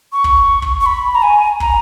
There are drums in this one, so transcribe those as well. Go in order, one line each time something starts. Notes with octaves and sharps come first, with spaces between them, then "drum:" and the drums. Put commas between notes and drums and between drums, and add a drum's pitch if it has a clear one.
C#6
drum: kick
drum: kick
C#6
B5
A#5
G#5
A#5, drum: kick